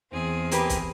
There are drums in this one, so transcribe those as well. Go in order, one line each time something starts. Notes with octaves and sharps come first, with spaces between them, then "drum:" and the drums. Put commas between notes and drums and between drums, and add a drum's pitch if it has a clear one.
E2 C4 G#4
A#3 G4 B4, drum: hi-hat
drum: kick, hi-hat